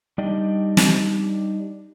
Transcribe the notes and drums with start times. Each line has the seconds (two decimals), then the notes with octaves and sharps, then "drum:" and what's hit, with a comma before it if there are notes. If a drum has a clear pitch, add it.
0.18 G3 D4 D#4 G4 D5 D#5
0.77 drum: snare